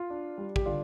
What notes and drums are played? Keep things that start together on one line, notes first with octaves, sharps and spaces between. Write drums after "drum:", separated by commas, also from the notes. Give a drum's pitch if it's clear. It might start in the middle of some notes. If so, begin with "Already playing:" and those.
Already playing: F4
D4
G3
G4, drum: kick
D3 D4 F4